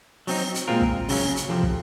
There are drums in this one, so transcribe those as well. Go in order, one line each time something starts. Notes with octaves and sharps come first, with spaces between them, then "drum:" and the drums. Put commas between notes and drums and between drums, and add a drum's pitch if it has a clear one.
F#3 C4 D#4, drum: open hi-hat
drum: hi-hat
A#2 G#3 C4 F4 A#4
drum: kick
C#3 F#3 C#4, drum: open hi-hat
drum: hi-hat
F2 C3 F3 C4
drum: kick